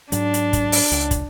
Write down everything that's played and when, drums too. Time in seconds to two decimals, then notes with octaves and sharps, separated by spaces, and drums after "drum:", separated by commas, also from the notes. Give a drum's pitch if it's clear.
0.12 G#2 F#3 D4, drum: hi-hat
0.34 drum: hi-hat
0.53 drum: kick, hi-hat
0.72 drum: open hi-hat
0.92 C#2, drum: hi-hat
1.11 drum: kick, hi-hat